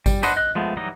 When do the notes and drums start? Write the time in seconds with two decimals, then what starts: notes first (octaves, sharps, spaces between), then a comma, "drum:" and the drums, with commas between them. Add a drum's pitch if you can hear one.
0.06 G3, drum: kick G#1, tambourine
0.23 D4 B4 C5 D#5 F#5, drum: tambourine
0.37 D#5 F#6
0.55 F3 G#3 A3 B3
0.77 E3 F#3 G3 D#4 D#5